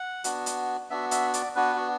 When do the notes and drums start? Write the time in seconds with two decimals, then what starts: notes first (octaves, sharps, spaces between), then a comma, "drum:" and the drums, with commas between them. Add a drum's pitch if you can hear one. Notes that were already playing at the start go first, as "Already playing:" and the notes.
Already playing: F#5
0.24 B3 D4 F#4, drum: hi-hat
0.46 drum: hi-hat
0.90 B3 D4 F#4 E5
1.11 E5, drum: hi-hat
1.34 D5, drum: hi-hat
1.55 B3 D4 F#4 B4
1.76 F#4